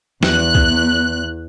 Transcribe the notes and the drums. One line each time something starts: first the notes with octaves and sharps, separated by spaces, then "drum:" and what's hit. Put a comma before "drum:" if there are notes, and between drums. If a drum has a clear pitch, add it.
E2 F#6, drum: snare
drum: kick